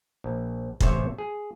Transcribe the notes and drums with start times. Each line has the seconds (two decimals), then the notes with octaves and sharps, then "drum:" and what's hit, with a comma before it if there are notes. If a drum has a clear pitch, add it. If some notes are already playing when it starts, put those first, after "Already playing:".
0.24 A#1
0.81 A1 C3 C5 C#5 E5, drum: kick
1.18 G#4